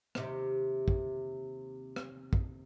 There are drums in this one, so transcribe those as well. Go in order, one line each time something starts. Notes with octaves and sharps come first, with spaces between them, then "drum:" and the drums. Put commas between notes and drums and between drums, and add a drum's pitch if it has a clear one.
D#2 C3, drum: rim click
drum: kick
drum: rim click
drum: kick